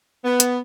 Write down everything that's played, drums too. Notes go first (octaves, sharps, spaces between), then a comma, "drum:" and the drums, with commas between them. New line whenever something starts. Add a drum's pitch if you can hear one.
B3
drum: hi-hat